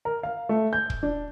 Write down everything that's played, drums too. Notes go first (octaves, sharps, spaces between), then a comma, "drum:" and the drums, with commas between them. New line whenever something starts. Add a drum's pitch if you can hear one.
A#4
F5
A3
G6
drum: kick
D4